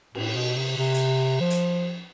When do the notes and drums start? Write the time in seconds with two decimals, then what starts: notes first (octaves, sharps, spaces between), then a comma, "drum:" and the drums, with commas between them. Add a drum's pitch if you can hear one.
0.15 A2, drum: cymbal
0.35 B2
0.57 C3
0.77 C3
0.94 drum: hi-hat
1.40 F3
1.50 drum: hi-hat